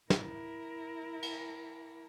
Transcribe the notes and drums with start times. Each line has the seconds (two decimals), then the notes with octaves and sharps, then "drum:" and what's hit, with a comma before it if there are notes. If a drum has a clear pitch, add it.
0.10 E4 A#4, drum: snare
1.22 drum: cymbal